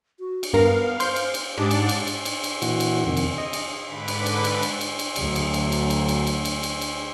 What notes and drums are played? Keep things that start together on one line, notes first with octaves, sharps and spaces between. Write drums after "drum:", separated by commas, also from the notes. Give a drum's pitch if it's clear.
F#4
drum: cymbal
G2 B3 A#4 F5
C5 C6 G6, drum: cymbal
drum: cymbal
drum: cymbal
G#2 D4 G4 D5
drum: cymbal
drum: cymbal
drum: cymbal
drum: cymbal
drum: cymbal
A#2 E3 F#4, drum: cymbal
drum: cymbal
F2 C3 D#3
drum: cymbal
D#5
drum: cymbal
G#2 D3 B4 B5 D6
drum: cymbal
drum: cymbal
drum: cymbal
drum: cymbal
drum: cymbal
drum: cymbal
D2 F#3, drum: cymbal
drum: cymbal
drum: cymbal
drum: cymbal
drum: cymbal
drum: cymbal
drum: cymbal
drum: cymbal
drum: cymbal
drum: cymbal